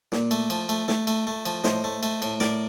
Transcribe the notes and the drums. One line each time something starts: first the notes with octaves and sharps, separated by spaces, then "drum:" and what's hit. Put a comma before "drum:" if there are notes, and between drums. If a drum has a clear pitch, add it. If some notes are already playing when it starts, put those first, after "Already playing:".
A#2, drum: snare
A3, drum: cymbal
F3, drum: cymbal
A3, drum: cymbal
A3, drum: snare
A3, drum: cymbal
A3
F3, drum: cymbal
A2 C5 D#5, drum: snare
A3
A3, drum: cymbal
A2, drum: cymbal
A2 A#4 D5, drum: snare